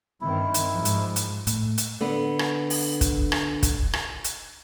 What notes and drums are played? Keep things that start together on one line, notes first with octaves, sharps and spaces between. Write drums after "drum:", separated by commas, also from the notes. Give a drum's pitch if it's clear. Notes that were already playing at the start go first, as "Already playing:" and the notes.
G2 D#3 C4 E4
drum: hi-hat
G#2 F3
drum: hi-hat
drum: hi-hat
A2, drum: hi-hat
drum: hi-hat
D3 B3
drum: rim click
drum: open hi-hat
drum: kick, hi-hat
drum: rim click
drum: kick, hi-hat
drum: rim click
drum: hi-hat